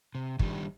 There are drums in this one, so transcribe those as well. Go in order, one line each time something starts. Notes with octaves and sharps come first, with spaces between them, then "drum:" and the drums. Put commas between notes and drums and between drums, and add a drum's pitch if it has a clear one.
C3
D#3 G3 D4, drum: kick